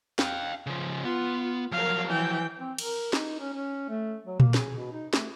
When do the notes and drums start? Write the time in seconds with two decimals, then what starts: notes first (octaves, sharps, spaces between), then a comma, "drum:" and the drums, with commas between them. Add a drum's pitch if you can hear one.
0.19 F5 G5, drum: snare
0.66 C#3 F3
1.04 B3 F4
1.72 F3 F#3 A#4 F5
2.08 E3 G5
2.59 C4
2.78 A#4, drum: cymbal
3.13 D#4, drum: snare
3.39 C#4
3.54 C#4
3.89 A3
4.26 F#3
4.40 A#3, drum: tom A#2
4.54 G#4, drum: snare
4.76 B2
4.92 D#4
5.13 A3, drum: snare